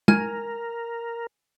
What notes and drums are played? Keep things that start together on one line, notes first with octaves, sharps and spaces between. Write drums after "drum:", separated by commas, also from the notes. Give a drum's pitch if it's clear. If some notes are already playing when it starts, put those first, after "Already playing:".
A#4 G#5 F6 G#6, drum: tom